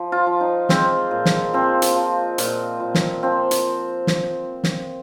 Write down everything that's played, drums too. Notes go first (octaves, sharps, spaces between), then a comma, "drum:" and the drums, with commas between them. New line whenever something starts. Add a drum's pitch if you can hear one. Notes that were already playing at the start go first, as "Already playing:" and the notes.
Already playing: F3
F4
F3
D#4
G#3 C4, drum: snare
A#2
drum: snare
F3 C4
drum: hi-hat
F3
A#2, drum: hi-hat
A#2
drum: snare
F3 C4
drum: hi-hat
drum: snare
drum: snare